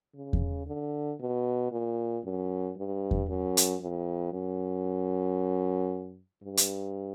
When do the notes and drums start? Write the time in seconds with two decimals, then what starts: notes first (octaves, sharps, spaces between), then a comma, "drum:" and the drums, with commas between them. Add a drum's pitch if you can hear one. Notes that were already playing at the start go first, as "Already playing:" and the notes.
0.15 C#3
0.33 drum: kick E2
0.67 D3
1.20 B2
1.72 A#2
2.24 F#2
2.76 G2
3.11 drum: kick E2
3.28 F#2
3.57 drum: hi-hat
3.81 F2
4.33 F#2
6.43 G2
6.57 drum: hi-hat